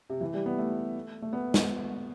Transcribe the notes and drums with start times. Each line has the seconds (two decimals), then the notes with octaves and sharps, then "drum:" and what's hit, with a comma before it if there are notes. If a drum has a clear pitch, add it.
0.10 C3
0.21 E3
0.34 G3
0.46 B3
0.58 A3
1.22 A3
1.33 B3
1.54 drum: snare